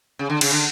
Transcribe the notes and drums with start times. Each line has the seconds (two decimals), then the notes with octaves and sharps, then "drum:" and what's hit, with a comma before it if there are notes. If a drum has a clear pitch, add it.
0.19 C#3
0.30 D3
0.41 C#3, drum: cymbal
0.53 D3